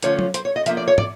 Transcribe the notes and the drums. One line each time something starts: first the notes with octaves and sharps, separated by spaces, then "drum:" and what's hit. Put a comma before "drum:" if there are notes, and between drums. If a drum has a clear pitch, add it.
D3 F3 A3 C#4 F4 C#5, drum: hi-hat
drum: tom F#3
C5, drum: hi-hat
C#5
D#5
F3 A#3 D4 E5, drum: hi-hat
D5
C#5
D5, drum: tom